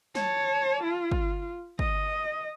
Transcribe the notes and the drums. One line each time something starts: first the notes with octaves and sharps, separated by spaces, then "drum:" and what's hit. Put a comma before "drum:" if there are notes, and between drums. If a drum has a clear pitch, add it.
C#5 A5, drum: snare
F4
drum: kick
D#5, drum: kick